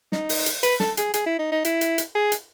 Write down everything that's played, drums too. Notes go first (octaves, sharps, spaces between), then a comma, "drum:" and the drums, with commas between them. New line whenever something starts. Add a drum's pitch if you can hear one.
D#4, drum: snare
drum: open hi-hat
drum: hi-hat
B4, drum: hi-hat
A4, drum: snare
G#4, drum: hi-hat
G#4, drum: hi-hat
E4
D#4
D#4
E4, drum: hi-hat
drum: hi-hat
drum: hi-hat
G#4
drum: hi-hat